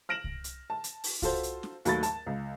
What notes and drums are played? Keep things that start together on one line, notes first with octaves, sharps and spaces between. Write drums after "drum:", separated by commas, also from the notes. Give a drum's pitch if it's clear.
F6 A#6 D7 E7 F#7
drum: kick C2
drum: hi-hat
A5
drum: hi-hat
drum: open hi-hat
F4 F#4 A4 C5, drum: kick C2, hi-hat
drum: hi-hat
drum: snare
D#2 F#3 A3 B5 A6, drum: hi-hat
A5, drum: hi-hat
C#2